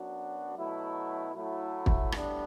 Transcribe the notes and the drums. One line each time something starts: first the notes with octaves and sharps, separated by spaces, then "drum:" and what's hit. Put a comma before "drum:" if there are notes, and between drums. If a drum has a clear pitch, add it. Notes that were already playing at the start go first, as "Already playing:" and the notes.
Already playing: F#2 F#3 B3 D4 F#4
B2 F#3 A3 E4
A2 F#3 A3 E4
drum: kick
A2 G3 B3 D4, drum: rim click